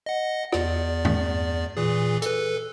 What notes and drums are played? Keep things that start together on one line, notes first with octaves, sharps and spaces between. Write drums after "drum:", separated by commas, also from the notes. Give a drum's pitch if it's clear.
D#5 F#5
E2 D5, drum: rim click
drum: tom G2
A#2 E3 G#4
A4 B4, drum: hi-hat